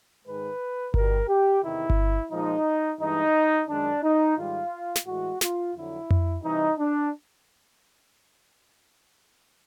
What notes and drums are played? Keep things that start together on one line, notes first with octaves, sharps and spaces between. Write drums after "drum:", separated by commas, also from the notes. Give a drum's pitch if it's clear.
G#2 D#3 G#3 B4
B2 G3 A#4, drum: kick G1
G4
E2 C3 D#3 E4
drum: kick G1
A#2 F3 G#3 D#4
G2 E3 G#3 D#4
F#2 D#3 G#3 D4
D#4
G#2 D#3 G3 F4
drum: snare
A2 E3 G#3 F#4
F4, drum: snare
F2 D3 F#3 E4
drum: tom F2
C3 E3 G3 D#4
D4